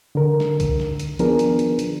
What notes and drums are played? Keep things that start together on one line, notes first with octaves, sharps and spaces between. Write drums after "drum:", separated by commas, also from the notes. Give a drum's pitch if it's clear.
D3 A#4
drum: snare G3
drum: kick C2, hi-hat
drum: snare G3
drum: hi-hat
D#3 F3 B3 D4 G#4 A#4, drum: hi-hat
drum: hi-hat
drum: hi-hat
drum: hi-hat